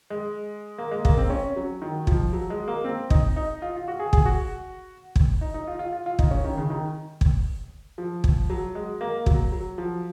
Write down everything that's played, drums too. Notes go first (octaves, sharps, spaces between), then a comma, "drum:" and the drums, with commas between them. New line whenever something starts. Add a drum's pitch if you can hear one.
G#3
A#3
G#3
A#3, drum: kick
C4
C#4
F#3
D#3
F3, drum: kick
F#3
G#3
A#3
C4
D#4, drum: kick
D#4
F4
F4
F#4
G#4
G#4, drum: kick
F#4
drum: kick
D#4
D#4
F4
F4
F4
F4
D#4, drum: kick
C#4
D#3
C#3
D#3
drum: kick
F3
drum: kick
F#3
G#3
A#3
F#3, drum: kick
F#3
F3